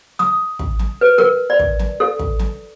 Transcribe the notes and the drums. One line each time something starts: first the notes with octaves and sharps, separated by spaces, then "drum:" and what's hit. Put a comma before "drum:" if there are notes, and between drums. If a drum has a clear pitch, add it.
D#6, drum: snare
drum: kick
drum: snare
B4
A#4, drum: snare
D5
drum: kick
drum: snare
A4
drum: kick
drum: snare